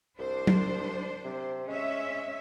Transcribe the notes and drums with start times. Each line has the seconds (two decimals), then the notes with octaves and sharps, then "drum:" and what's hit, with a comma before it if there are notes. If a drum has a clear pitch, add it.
0.19 C2 D4 C5
0.47 drum: tom F#3
1.24 C3
1.68 G#3 C#4 E5